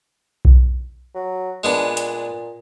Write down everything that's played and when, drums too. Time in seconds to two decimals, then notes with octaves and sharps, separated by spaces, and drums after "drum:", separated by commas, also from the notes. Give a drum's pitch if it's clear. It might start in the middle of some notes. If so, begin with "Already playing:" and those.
0.45 drum: kick B1
1.15 F#3
1.64 A#2 G#3 B3 D4
1.97 drum: hi-hat